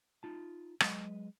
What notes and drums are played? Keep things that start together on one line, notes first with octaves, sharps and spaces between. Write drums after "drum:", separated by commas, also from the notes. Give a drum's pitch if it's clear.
D#4 F4 A5
F#3 G#3 B4 D#5, drum: rim click